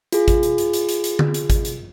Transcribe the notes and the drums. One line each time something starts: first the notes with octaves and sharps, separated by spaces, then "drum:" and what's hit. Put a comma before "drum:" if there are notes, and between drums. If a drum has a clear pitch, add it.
F4 G#4, drum: hi-hat
drum: kick G#1, hi-hat
drum: hi-hat
drum: hi-hat
drum: hi-hat
drum: hi-hat
drum: hi-hat
drum: tom D3
drum: hi-hat
drum: kick G#1, hi-hat
drum: hi-hat